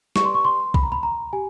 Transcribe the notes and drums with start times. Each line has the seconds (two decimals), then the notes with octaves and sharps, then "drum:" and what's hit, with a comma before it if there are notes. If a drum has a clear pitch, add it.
0.16 G4 B4 D5 C#6, drum: snare
0.25 C6
0.34 C#6
0.45 C6
0.74 B5, drum: kick
0.83 A#5
0.92 B5
1.03 A#5
1.33 G4 G#5